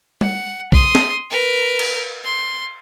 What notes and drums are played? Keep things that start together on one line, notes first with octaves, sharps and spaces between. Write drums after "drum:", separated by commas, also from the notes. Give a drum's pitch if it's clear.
F#5, drum: tom G3
C6 D#6, drum: kick B1
drum: snare
A#4 B4
drum: cymbal
C6